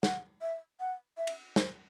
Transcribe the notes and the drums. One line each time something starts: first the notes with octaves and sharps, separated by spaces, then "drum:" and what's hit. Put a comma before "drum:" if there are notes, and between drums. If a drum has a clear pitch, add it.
F#5, drum: snare
E5
F#5
E5
drum: cymbal
C5, drum: snare